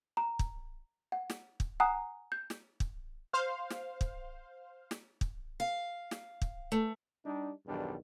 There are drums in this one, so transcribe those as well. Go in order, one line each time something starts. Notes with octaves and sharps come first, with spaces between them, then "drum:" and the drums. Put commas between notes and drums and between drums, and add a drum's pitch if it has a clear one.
A#5
drum: kick
F#5
drum: snare
drum: kick
F#5 G#5 A#5 D#6 F#6
G6
drum: snare
drum: kick
C5 F5
drum: snare
drum: kick
drum: snare
drum: kick
F5
drum: snare
drum: kick
A3
G3 D4 D#4
B1 E2 G2 D#3 G3 D4